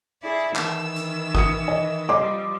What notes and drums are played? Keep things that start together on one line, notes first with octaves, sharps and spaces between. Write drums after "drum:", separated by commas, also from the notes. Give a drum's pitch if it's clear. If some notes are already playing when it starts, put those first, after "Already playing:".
E4 G#4 D5
D#3 E3 E6, drum: clap
drum: hi-hat
D#6 C#7, drum: kick
D#5
F3 G3 D#5 C6 D6